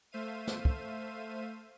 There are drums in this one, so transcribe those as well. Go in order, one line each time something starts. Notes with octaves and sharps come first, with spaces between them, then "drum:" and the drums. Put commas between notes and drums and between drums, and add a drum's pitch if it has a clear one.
A3 C5 E5 F5 D#7
drum: snare
drum: kick